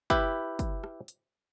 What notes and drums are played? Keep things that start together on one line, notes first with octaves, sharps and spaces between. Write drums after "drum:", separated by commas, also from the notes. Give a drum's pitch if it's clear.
E4 G4 B4, drum: kick, hi-hat
drum: kick, hi-hat
drum: rim click
drum: hi-hat